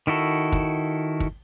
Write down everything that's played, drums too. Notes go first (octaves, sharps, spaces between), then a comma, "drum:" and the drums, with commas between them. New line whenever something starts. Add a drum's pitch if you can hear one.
D#3 E4 F#4 A4
drum: kick
drum: kick